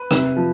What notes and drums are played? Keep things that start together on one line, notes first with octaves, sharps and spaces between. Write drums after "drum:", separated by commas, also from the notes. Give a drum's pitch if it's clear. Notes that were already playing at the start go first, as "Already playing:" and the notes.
Already playing: B4
C3, drum: rim click
F3